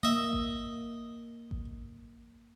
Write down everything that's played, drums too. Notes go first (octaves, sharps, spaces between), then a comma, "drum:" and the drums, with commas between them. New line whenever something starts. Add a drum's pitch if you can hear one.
A#3 D#5 E5
drum: kick A1
drum: kick A1